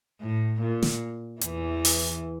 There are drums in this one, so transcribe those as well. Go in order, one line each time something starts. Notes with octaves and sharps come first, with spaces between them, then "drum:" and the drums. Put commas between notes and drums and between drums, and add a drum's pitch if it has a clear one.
A2
A#2
drum: snare
E2 E3, drum: hi-hat
drum: open hi-hat